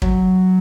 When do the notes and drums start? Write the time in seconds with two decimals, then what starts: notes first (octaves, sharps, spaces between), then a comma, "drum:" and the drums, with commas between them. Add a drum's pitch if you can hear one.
0.02 F#3, drum: kick